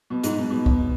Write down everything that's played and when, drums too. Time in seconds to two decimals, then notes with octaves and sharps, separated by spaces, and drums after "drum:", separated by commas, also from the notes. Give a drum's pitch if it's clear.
0.10 B2
0.24 G#2, drum: hi-hat
0.37 B2
0.50 B2
0.66 drum: kick C2